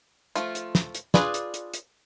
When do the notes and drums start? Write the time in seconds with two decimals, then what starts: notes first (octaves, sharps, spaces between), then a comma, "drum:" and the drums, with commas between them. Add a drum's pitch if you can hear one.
0.36 F3 A3 F4, drum: hi-hat
0.55 drum: hi-hat
0.75 drum: snare
0.95 drum: hi-hat
1.14 D4 F4 G#4 B4 D5, drum: snare
1.34 drum: hi-hat
1.54 drum: hi-hat
1.74 drum: hi-hat